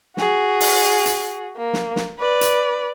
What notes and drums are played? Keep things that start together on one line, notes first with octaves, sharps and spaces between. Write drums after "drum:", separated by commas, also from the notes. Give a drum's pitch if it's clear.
F#4 G#4, drum: snare
drum: open hi-hat
drum: hi-hat
A#3
drum: snare
drum: snare
B4 D5
drum: hi-hat